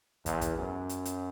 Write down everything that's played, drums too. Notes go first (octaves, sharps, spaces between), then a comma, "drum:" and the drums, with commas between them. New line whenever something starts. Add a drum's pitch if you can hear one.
E2, drum: kick, hi-hat
drum: kick, hi-hat
F#2
drum: hi-hat
drum: hi-hat